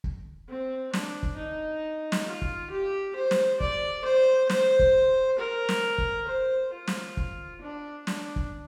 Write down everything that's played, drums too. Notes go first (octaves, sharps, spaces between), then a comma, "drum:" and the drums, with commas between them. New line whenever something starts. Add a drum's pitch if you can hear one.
drum: kick
C4
D4, drum: snare
drum: kick
D#4
drum: snare
F4
drum: kick
G4
C5
drum: snare
D5, drum: kick
C5
C5, drum: snare
drum: kick
A#4
drum: snare
drum: kick
C5
F4
drum: snare
drum: kick
D4
D4, drum: snare
drum: kick